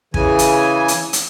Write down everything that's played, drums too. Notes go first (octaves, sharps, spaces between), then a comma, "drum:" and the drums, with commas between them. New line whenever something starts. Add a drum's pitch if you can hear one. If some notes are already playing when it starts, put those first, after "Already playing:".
C#3 E3 G#5, drum: kick
drum: hi-hat
drum: hi-hat
drum: hi-hat